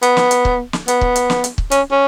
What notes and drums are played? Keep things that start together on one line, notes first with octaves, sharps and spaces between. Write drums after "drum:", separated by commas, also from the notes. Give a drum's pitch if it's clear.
B3, drum: hi-hat
drum: snare
drum: hi-hat
drum: kick
drum: snare
B3, drum: hi-hat
drum: kick
drum: hi-hat
drum: snare
drum: hi-hat
drum: kick
C#4, drum: hi-hat
C#4